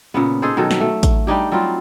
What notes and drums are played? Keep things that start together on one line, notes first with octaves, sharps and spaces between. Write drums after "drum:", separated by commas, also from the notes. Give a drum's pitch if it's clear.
A#2 C#3 B3
D#4 G#4 A4 C5
B2 D#3 F#3 A4
drum: snare
A3
drum: kick A1, hi-hat
G3 D4 D#4 G4
F#3 G3 C4 F4